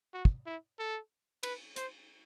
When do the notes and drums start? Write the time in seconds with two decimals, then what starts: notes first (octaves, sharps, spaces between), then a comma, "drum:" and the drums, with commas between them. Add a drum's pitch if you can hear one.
0.14 F#4
0.25 drum: kick
0.46 E4
0.79 A4
1.43 B4, drum: cymbal
1.76 C5, drum: hi-hat